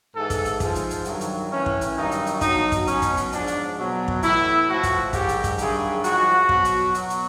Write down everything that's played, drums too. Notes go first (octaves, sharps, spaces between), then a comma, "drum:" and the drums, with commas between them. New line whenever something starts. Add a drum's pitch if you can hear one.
G#2 E3 A4
drum: kick, hi-hat
drum: hi-hat
G#2 F3, drum: kick, hi-hat
drum: hi-hat
drum: hi-hat
G2 D#3 F#3, drum: hi-hat
drum: hi-hat
A2 E3 C#4
drum: kick
drum: hi-hat
G2 D#3 F#3 D#4
drum: hi-hat
drum: hi-hat
B2 F#3 D#4, drum: kick, hi-hat
drum: kick, hi-hat
B2 F#3 C#4, drum: hi-hat
drum: kick, hi-hat
drum: hi-hat
G#2 F3 D4, drum: hi-hat
drum: hi-hat
B2 F#3
drum: kick
A2 E3 E4, drum: hi-hat
A2 F3 F#4
drum: kick, hi-hat
G#2 D#3 F#3 G4, drum: kick, hi-hat
drum: hi-hat
drum: kick, hi-hat
G2 D#3 F#3 G#4, drum: hi-hat
G#2 F3 F#4, drum: hi-hat
B2 F#3, drum: kick
drum: hi-hat
B2 F#3, drum: hi-hat
drum: hi-hat